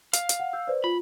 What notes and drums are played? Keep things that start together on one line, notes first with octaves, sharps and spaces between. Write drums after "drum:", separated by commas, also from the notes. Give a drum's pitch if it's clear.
F5, drum: hi-hat
drum: hi-hat
F#5
E6 G6
B4 C5 D5
F4 B5